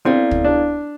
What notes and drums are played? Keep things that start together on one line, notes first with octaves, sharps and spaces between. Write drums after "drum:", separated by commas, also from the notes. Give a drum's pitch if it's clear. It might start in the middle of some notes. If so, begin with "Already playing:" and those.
B3 C4 E4 A4 D5 F5
drum: kick
D4